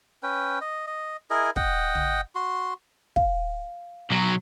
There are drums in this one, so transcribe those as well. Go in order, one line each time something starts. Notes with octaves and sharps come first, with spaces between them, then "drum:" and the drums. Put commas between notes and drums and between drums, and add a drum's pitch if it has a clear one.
C#4 B4 G5
D#5
D#5
E4 G#4 A#4 D#5
D#5 F#5 G5, drum: kick
drum: tom
F#4 C6
F5, drum: kick
B1 F#3